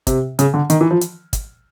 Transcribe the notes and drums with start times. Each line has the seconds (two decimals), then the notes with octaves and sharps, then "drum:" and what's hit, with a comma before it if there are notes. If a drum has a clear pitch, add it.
0.07 C3, drum: kick, hi-hat
0.39 C#3, drum: hi-hat
0.54 D3
0.70 D#3, drum: hi-hat
0.81 E3
0.91 F3
1.01 drum: hi-hat
1.33 drum: kick, hi-hat